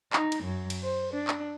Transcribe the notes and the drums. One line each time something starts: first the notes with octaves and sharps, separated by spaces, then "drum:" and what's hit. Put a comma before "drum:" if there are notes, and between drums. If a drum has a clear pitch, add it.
D#4, drum: clap
drum: cymbal
F#2
drum: cymbal
C5
D4
drum: clap